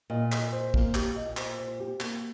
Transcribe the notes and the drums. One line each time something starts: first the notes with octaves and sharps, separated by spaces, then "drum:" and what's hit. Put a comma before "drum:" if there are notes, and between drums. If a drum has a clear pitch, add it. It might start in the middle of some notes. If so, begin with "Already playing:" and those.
A#2 D#5
D#5, drum: clap
C5
A#3, drum: kick
G4, drum: clap
D#5
C5, drum: clap
C5
G4
A#3, drum: clap